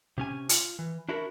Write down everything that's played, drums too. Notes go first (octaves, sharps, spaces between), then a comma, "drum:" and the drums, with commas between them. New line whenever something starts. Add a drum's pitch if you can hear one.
C3 C#4 G#5
F4, drum: hi-hat
E3
D4 E4 F#4 A#4